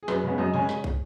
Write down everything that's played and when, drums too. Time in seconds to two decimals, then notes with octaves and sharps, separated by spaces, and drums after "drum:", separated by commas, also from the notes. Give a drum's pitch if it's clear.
0.03 G#4
0.08 F#2 B4, drum: snare
0.23 C#3 G#3 B3
0.38 F#2 D#5
0.54 C#3 G#3 G#5
0.69 drum: snare
0.84 drum: kick